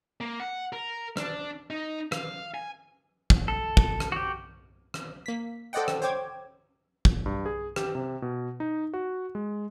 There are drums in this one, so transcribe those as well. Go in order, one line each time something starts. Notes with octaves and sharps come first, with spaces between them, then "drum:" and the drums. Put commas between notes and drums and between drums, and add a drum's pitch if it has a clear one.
A#3
F#5
A#4
D4, drum: rim click
D#4
F5, drum: rim click
G#5
drum: kick
A4
drum: kick
drum: rim click
F#4 G4
drum: rim click
A#3 B6
A4 C5 D5 D#5 F#5 G5
drum: rim click
C5 C#5 G5 D6 G#6
drum: kick
G2
G#4
G4, drum: rim click
C3
B2
D#4
F#4
G#3